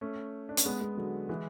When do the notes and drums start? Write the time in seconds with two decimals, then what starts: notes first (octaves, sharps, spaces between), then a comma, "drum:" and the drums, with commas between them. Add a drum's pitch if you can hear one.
0.01 A3 C#4
0.49 D4
0.57 C#4, drum: hi-hat
0.65 G#3 B3
0.81 G#3 B3
0.97 D3 F#3
1.29 E3 G#3